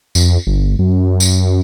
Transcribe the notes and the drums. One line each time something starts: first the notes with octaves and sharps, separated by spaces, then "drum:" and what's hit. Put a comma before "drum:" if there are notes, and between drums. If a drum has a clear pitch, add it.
F2, drum: tambourine
G1
F#2
drum: tambourine